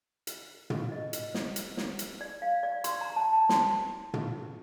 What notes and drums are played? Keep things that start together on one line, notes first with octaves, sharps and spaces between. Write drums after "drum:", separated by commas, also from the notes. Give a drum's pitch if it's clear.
drum: hi-hat
drum: tom
D#5
drum: hi-hat
drum: snare
drum: hi-hat
drum: snare
drum: hi-hat
D5
F5
D5
C6, drum: hi-hat
A#5
A5
A5
C6, drum: snare
drum: tom